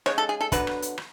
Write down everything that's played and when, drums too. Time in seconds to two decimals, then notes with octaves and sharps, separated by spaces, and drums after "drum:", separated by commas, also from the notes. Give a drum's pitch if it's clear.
0.06 C#3 G#3 C#5, drum: rim click
0.18 A4
0.29 G#4
0.41 A4
0.52 D3 F#3 B3 B4, drum: kick, hi-hat
0.67 drum: rim click
0.82 drum: hi-hat
0.98 drum: rim click